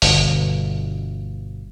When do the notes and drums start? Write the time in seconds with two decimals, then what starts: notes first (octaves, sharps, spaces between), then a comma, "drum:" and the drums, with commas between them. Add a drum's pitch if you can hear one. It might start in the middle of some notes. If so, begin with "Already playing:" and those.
0.02 G1 B2, drum: open hi-hat